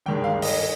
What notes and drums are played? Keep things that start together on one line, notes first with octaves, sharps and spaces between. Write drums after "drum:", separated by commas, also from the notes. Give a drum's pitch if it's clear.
G#1 G2 D#3 G#3 G5
F5
D#5, drum: open hi-hat